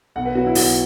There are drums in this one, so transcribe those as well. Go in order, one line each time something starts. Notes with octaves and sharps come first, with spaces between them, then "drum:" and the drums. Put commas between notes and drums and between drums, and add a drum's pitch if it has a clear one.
B1 F#5
B4
B2 F#3 F#4
E4
B1 F#4, drum: open hi-hat